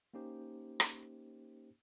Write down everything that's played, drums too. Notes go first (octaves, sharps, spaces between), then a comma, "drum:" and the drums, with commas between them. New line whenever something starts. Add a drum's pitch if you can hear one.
A#3 C#4 D#4 G4 C5
drum: rim click